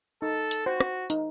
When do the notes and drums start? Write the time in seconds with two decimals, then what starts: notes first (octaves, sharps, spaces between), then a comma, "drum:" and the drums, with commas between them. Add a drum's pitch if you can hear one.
0.22 D#4 A4
0.51 drum: hi-hat
0.66 F#4 C5
0.80 drum: rim click
1.10 D#4, drum: hi-hat